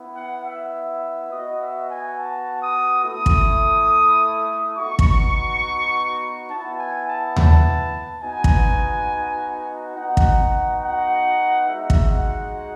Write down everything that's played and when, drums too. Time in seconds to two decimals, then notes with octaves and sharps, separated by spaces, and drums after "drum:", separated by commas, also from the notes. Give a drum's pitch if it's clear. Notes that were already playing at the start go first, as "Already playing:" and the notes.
Already playing: B3 E4
0.16 F#5
0.45 E5
1.31 B3 F#4 D#5
1.61 E5
1.89 G#5
2.18 A5
2.61 D#6
3.04 A3 E4 D#6
3.26 drum: kick
4.77 B3 D#4 F#4 C#6
4.99 drum: kick
6.50 B3 E4 A5
6.78 G#5
7.08 A5
7.36 A5, drum: tom D#2
8.23 B3 D#4 F#4 G#5
8.44 drum: kick
9.95 B3 D#4 F#4 F#5
10.17 drum: kick
10.82 F#5
11.68 G#3 D#4 F#4 E5
11.90 drum: kick
12.11 F#5